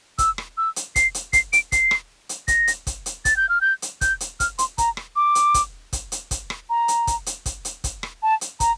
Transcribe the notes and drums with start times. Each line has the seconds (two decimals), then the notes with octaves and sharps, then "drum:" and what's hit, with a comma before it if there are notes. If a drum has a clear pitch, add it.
0.18 E6, drum: kick, hi-hat
0.38 drum: rim click
0.58 E6
0.76 drum: hi-hat
0.96 C7, drum: kick, hi-hat
1.14 drum: hi-hat
1.33 C7, drum: kick, hi-hat
1.53 D7, drum: hi-hat
1.72 C7, drum: kick, hi-hat
1.91 drum: rim click
2.29 drum: hi-hat
2.48 A#6, drum: kick, hi-hat
2.67 drum: hi-hat
2.87 drum: kick, hi-hat
3.06 drum: hi-hat
3.25 A6, drum: kick, hi-hat
3.37 G6
3.49 F6
3.61 G6
3.82 drum: hi-hat
4.01 G6, drum: kick, hi-hat
4.20 drum: hi-hat
4.40 F6, drum: kick, hi-hat
4.58 C6, drum: hi-hat
4.78 A#5, drum: kick, hi-hat
4.97 drum: rim click
5.16 D6
5.35 drum: hi-hat
5.54 drum: kick, hi-hat
5.93 drum: kick, hi-hat
6.12 drum: hi-hat
6.31 drum: kick, hi-hat
6.50 drum: rim click
6.70 A#5
6.88 drum: hi-hat
7.07 drum: kick, hi-hat
7.26 drum: hi-hat
7.46 drum: kick, hi-hat
7.65 drum: hi-hat
7.84 drum: kick, hi-hat
8.03 drum: rim click
8.23 A5
8.41 drum: hi-hat
8.60 A#5, drum: kick, hi-hat